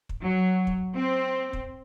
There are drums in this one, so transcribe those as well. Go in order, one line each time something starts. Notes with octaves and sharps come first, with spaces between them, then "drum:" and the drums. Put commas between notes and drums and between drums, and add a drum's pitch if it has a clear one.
drum: kick
F#3
drum: kick
C4
drum: kick